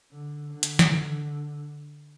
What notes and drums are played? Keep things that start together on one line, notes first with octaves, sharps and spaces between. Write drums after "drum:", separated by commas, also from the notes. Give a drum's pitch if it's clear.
D3
D3
drum: hi-hat
drum: snare